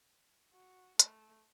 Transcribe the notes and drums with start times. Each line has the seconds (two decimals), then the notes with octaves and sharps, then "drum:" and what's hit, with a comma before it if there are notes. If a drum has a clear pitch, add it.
0.53 F#4
0.99 A3, drum: hi-hat